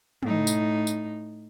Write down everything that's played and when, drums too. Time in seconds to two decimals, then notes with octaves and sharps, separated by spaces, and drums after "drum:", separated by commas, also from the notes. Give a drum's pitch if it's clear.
0.23 A2 D#4, drum: tom
0.47 drum: tambourine
0.87 drum: tambourine